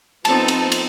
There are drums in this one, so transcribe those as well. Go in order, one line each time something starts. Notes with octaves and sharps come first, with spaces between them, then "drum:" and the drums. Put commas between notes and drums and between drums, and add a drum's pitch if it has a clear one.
F3 B3 C4 D#4 A4 A5, drum: cymbal
drum: cymbal
drum: cymbal